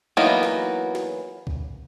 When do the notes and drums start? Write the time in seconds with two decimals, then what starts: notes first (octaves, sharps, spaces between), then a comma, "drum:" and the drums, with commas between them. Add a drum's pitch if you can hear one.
0.17 E3 F#3 A#3 B3 D#4
0.43 drum: snare
0.95 drum: snare
1.47 drum: kick C2